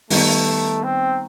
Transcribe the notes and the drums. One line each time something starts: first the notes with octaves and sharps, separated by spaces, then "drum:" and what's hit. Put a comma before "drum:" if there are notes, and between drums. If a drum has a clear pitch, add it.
D#3 G3 A3 B3 D#4, drum: open hi-hat
C4